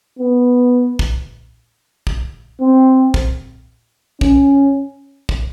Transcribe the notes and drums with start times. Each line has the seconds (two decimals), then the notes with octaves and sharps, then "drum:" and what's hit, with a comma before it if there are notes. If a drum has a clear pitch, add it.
0.19 B3
0.99 drum: kick
2.07 drum: kick
2.61 C4
3.14 drum: kick
4.21 C#4, drum: kick
5.29 drum: kick